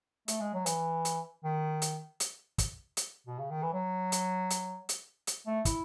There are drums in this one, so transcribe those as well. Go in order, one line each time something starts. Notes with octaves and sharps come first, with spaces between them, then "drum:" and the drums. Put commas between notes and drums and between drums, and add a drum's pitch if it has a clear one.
A3, drum: hi-hat
G#3
F#3
E3, drum: hi-hat
drum: hi-hat
D#3
drum: hi-hat
drum: hi-hat
drum: kick, hi-hat
drum: hi-hat
B2
C#3
D#3
E3
F#3
drum: hi-hat
drum: hi-hat
drum: hi-hat
drum: hi-hat
A3
E4, drum: kick, hi-hat